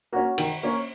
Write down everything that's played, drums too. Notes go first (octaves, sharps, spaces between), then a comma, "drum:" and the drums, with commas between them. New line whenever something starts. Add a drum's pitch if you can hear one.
A#3 C#4 F#4
D#3, drum: cymbal
A#3 C#4